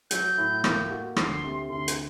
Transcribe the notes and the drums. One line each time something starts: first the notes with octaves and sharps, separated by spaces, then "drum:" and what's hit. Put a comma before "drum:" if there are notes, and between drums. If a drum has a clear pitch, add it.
F#3 G6, drum: hi-hat
A2
A#3, drum: rim click
F#4
D2 C6, drum: rim click
C3
D2 C6
drum: hi-hat